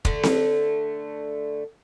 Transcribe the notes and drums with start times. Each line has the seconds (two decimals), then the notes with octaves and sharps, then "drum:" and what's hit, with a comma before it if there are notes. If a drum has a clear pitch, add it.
0.05 D3 A3, drum: kick F1
0.23 drum: snare C4